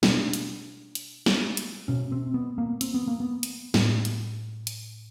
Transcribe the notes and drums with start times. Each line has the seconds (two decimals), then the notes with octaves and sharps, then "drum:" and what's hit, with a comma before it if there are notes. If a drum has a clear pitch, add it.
0.03 B2 D4, drum: snare
0.33 drum: hi-hat
0.95 drum: hi-hat
1.26 drum: snare
1.57 drum: hi-hat
1.88 B2 C#4
2.12 C4
2.34 B3
2.58 A#3
2.81 C4, drum: hi-hat
2.94 B3
3.08 A#3
3.20 B3
3.43 drum: hi-hat
3.74 A2, drum: snare
4.05 drum: hi-hat
4.67 drum: hi-hat